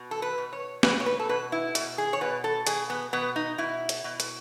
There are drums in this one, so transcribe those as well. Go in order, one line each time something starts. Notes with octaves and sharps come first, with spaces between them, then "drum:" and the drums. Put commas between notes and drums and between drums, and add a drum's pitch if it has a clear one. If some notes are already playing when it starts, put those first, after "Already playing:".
Already playing: B2
A4
B4
B2
C#5
B2 B4, drum: snare
C#5
B4
A4
B2 B4
E4
B2, drum: hi-hat
G#4
C#5
B2 B4
A4
B2 G#4, drum: hi-hat
B3
B2 B3
D#4
B2 E4
drum: hi-hat
B2
drum: hi-hat